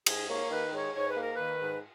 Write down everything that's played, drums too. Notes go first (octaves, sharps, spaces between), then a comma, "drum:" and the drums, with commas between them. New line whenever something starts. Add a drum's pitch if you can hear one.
G#2 G#4, drum: cymbal
A#3 C#5
D#3 B4
G#2 C#5
G#2 C#5
B4
A#3 A#4
D#3 B4
G#2